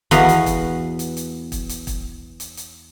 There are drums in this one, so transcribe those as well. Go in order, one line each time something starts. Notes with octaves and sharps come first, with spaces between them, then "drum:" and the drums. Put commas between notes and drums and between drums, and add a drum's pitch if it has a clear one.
E2 B3 F#4 B4 D#5 F5, drum: kick, hi-hat
drum: hi-hat
drum: kick, hi-hat
drum: hi-hat
drum: hi-hat
drum: kick, hi-hat
drum: hi-hat
drum: kick, hi-hat
drum: hi-hat
drum: hi-hat